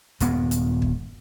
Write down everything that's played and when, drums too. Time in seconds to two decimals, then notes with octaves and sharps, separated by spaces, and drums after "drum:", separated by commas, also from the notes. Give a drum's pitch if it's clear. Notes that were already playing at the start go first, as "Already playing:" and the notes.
0.20 D#1 G2 G#3 B3, drum: hi-hat
0.51 drum: hi-hat
0.82 drum: kick